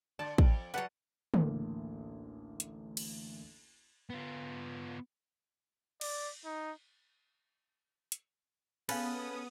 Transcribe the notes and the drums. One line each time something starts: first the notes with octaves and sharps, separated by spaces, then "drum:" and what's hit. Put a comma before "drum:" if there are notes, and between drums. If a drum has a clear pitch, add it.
D3 D5 A5
F2, drum: kick
F#3 G3 B4 F#5 A5
A1 D2 A#3, drum: tom
drum: hi-hat
drum: cymbal
B3 F4
D5, drum: cymbal
D#4
drum: hi-hat
B3 C#4 G#4 A4 B4 F5 D#6, drum: cymbal